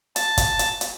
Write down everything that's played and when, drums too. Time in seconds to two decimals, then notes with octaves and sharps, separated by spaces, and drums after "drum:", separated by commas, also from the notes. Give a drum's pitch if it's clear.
0.16 A5, drum: hi-hat
0.37 drum: kick, hi-hat
0.59 drum: hi-hat
0.81 drum: hi-hat